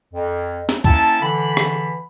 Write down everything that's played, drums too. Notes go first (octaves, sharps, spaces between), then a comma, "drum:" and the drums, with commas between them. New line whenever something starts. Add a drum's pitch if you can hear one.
F2
drum: snare
A#3 C#4 E4 G5 A5, drum: kick C#2
D3 E3 B5
drum: rim click